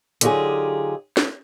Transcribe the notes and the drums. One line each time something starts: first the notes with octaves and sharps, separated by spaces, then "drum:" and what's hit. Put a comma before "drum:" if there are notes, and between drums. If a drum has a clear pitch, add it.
D3 F#3 D#4 F4 G4 G#4, drum: hi-hat
drum: snare